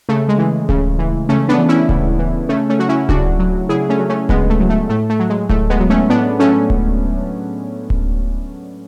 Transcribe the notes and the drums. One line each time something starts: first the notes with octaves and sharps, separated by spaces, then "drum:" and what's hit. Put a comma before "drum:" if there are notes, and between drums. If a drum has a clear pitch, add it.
C#3 A3
G#3
E3
C#3, drum: kick D1
E3
C#3 A3 C#4
B3 D4
E3
C#4 E4
C#3, drum: kick D1
E3
C#3 A3 C#4
A3 C#4
F#3 F#4
C#4 E4
C#3 D4 F#4, drum: kick D1
F#3
C#3 E4 G#4
A3 C#4
F#3
A3 C#4
C#3 G#3 B3, drum: kick D1
A3
F#3
A3
A2 A3
A3
F#3
G#3
A2 A3, drum: kick D1
G#3 B3
F#3
A3 C#4
A2 B3 D4
F#3 A3 C#4
drum: kick D1
drum: kick D1